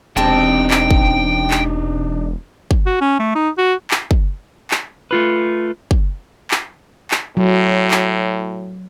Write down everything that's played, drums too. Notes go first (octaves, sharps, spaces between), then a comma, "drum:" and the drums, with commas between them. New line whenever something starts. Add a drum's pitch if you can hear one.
E1 C3 C4 D4 D#4 G5 A5
drum: clap
drum: kick
drum: clap
drum: kick
F#4
C#4
A3
D#4
F#4
drum: clap
drum: kick
drum: clap
A3 F4 B4
drum: kick
drum: clap
drum: clap
A2 F#3
drum: clap